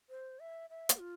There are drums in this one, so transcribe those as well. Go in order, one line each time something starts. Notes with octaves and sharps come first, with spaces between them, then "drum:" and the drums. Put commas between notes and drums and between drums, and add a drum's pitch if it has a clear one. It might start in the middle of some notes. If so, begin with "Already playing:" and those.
C5
E5
E5
drum: hi-hat
F4